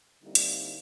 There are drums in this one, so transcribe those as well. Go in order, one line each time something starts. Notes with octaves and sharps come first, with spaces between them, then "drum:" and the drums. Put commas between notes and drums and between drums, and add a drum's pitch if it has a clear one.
D3 G3 A#3 C4 D#4 E4
drum: hi-hat